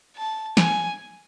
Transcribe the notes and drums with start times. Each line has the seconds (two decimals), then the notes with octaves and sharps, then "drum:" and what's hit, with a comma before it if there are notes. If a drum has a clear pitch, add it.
0.17 A5
0.57 G#5, drum: snare